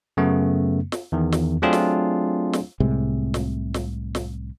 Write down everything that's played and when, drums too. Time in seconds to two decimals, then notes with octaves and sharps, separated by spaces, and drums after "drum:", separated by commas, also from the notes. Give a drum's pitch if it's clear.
0.17 F#2 C#3 A3 B3
0.92 drum: snare
1.12 E2 D#3
1.32 drum: snare
1.62 F#3 A3 C4 D4 F4 G#4
1.73 drum: snare
2.53 drum: snare
2.80 C2 A2 C3 G#3
3.34 drum: snare
3.74 drum: snare
4.15 drum: snare